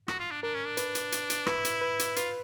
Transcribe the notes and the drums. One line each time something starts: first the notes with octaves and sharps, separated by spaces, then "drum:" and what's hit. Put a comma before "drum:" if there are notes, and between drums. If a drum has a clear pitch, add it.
F#4, drum: rim click
F4
D4
D4 A#4
C#4
D4
B4, drum: hi-hat
drum: hi-hat
drum: hi-hat
drum: hi-hat
E4 B4, drum: rim click
drum: hi-hat
B4
drum: hi-hat
F4 B4, drum: hi-hat